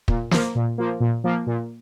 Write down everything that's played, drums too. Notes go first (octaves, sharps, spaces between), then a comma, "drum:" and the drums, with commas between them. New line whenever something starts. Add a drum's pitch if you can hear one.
A#2, drum: kick
F3 A#3, drum: snare
A#2
F3 A#3
A#2
F3 A#3
A#2